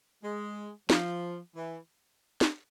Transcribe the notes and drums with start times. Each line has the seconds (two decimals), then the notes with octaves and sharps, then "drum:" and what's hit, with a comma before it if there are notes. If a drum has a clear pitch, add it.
0.23 G#3
0.90 F3, drum: snare
1.55 E3
2.41 drum: snare